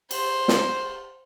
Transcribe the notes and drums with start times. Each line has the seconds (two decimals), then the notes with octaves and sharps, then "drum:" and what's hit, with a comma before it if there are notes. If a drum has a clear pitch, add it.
0.11 C5, drum: cymbal
0.48 drum: snare